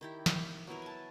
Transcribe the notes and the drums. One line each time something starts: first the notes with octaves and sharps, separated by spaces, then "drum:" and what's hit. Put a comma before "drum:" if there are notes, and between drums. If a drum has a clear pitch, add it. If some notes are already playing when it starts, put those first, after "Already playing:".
D#3 E4 G4
drum: snare
F#3 B3 E4 A#4
G#5 A5